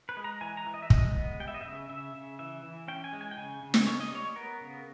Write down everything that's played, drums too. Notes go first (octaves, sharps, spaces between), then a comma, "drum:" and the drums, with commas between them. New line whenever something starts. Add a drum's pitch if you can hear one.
B4
G#3
A#5
E3 G#5
A#5
E3
D#5
E5
G#3 D#5, drum: kick
B3
G3 G5
E5
D#5
C#3 E5
C#3 E5
C#3
E3 E5
E3
C#4 G5
G#5
G#3
G#5
G5
C#3 G#5
C#3
drum: snare
C#4 C#5
D#5
G3 C#5
B3 A#4
C#3